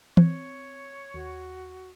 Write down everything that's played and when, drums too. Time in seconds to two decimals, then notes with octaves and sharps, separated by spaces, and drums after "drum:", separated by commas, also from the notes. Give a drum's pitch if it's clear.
0.17 C4 C#5, drum: tom E3
1.14 D#2 F#4